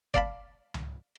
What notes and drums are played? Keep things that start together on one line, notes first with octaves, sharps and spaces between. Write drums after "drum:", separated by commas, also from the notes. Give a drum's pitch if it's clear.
D5 F5 A5 B5, drum: kick
drum: tom C#2